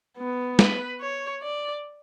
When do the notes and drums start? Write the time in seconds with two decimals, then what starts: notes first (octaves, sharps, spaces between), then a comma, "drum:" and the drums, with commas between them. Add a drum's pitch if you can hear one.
0.18 B3
0.59 B4, drum: snare
1.00 C#5
1.43 D5